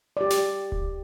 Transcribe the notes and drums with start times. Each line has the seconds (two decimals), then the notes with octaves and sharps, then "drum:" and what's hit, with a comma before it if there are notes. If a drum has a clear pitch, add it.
0.17 G4 D5
0.30 drum: snare
0.72 drum: kick D1